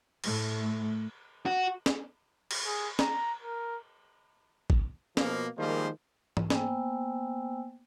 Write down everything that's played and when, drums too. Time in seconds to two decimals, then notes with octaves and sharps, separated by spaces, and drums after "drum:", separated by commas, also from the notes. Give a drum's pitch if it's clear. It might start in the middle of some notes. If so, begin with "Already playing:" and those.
0.24 A2 A3, drum: cymbal
1.46 F#4
1.86 drum: snare
2.51 drum: cymbal
2.66 G#4
2.99 A#5, drum: snare
3.42 A#4
4.70 drum: kick
5.17 B2 F3 A#3, drum: snare
5.58 D#3 F3 G3 G#3 A#3 C5
6.37 drum: tom
6.50 A#3 B3 C5 G5 G#5 E6, drum: snare